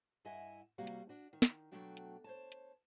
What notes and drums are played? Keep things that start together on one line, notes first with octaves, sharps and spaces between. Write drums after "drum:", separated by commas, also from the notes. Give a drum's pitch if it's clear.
G2 E4 D#5 E5 F#5 G#5
C3 G3 A#3 F#4 F5 F#5
drum: hi-hat
D4 F#4
D#3
drum: snare
B2 F#3 A3 D4 F#4 G5
drum: hi-hat
C5 C#5 A5
drum: hi-hat